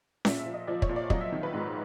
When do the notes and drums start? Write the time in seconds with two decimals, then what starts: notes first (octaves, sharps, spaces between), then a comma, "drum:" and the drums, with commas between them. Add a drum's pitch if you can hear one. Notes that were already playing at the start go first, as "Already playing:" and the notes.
0.25 A#2 E5, drum: snare C#4
0.39 E5
0.46 F3
0.54 D#5
0.67 F3 D5
0.82 C#5, drum: kick
0.89 A#2
0.96 D5
1.10 F#3 D#5, drum: kick
1.21 E5
1.32 D#3
1.43 B4
1.53 G#2